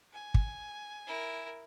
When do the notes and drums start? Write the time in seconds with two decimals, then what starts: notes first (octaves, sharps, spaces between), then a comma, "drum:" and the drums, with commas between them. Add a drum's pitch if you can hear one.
0.13 G#5
0.34 drum: kick
1.07 E4 A#4